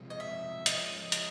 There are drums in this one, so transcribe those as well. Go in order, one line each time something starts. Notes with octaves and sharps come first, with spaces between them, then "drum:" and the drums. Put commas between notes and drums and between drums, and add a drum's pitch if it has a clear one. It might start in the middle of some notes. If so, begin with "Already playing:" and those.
Already playing: C3 F3 G#3
D#5
E5
F3 G#3 C#4 D#5, drum: hi-hat
drum: hi-hat